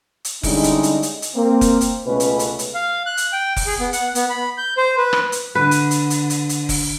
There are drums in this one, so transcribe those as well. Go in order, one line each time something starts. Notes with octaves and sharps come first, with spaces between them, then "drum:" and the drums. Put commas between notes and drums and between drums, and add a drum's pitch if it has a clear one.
drum: hi-hat
D3 G3 G#3 C#4 D#4 E4, drum: kick F1, open hi-hat
drum: hi-hat
drum: hi-hat
drum: hi-hat
drum: hi-hat
A#3 C4
drum: kick F1, hi-hat
drum: hi-hat
C#2 B2 A3 C#4 B4
drum: hi-hat
drum: hi-hat
drum: hi-hat
F5
F#6
drum: hi-hat
G5
drum: kick F1, open hi-hat
G#4
B3
F#5, drum: hi-hat
B3, drum: hi-hat
B5
G6
C5
B4
drum: rim click
drum: hi-hat
D3 B4
drum: hi-hat
drum: hi-hat
drum: hi-hat
drum: hi-hat
drum: hi-hat
drum: kick F1, open hi-hat